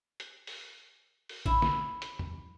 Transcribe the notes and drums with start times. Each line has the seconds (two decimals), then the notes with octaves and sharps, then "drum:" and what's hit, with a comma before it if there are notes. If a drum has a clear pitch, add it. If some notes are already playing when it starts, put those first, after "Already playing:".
0.20 drum: hi-hat
0.47 drum: open hi-hat
1.29 drum: open hi-hat
1.46 E4, drum: kick A1
1.62 drum: snare
2.02 drum: hi-hat
2.19 drum: tom E2